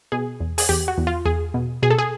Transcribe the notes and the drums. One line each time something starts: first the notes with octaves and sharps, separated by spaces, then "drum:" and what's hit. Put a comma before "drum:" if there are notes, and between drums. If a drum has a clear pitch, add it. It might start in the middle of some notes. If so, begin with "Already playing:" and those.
B2 G#4
E2
G#4, drum: open hi-hat
E2 G4
F#4
E2
F4
E2 G#4
B2
B2 G#4
A4
G#4